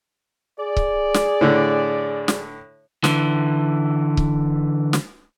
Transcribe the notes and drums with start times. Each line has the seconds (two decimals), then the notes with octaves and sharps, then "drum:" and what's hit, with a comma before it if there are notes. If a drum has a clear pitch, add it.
0.58 G#4 D5
0.77 drum: kick C#1
1.14 drum: snare
1.41 A2 D3
2.28 drum: snare
3.04 D3 E3, drum: snare
4.17 drum: kick C#1
4.93 drum: snare